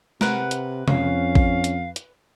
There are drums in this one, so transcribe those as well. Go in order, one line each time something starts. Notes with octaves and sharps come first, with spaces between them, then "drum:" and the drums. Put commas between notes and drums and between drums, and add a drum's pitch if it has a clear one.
C3 A#4 B4 F#5, drum: snare
drum: hi-hat
F2 C#4 F5, drum: tom C3
drum: kick
drum: hi-hat
drum: hi-hat